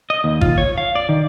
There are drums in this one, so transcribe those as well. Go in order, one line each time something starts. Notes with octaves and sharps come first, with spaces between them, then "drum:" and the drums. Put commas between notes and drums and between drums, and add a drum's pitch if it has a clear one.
D#5
D#2
F4, drum: kick G#1
C#5
F5
D5
D#3